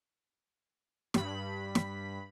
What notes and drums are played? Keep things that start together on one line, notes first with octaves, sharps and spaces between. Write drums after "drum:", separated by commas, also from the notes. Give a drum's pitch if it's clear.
G2 B5, drum: snare
drum: snare